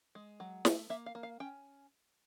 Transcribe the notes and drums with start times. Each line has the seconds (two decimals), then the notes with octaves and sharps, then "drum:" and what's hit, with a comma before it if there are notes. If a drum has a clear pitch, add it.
0.15 G#3
0.40 F#3
0.65 A3, drum: snare
0.90 A#3 E5
1.06 F5
1.15 A#3
1.23 F5
1.40 C#4 G5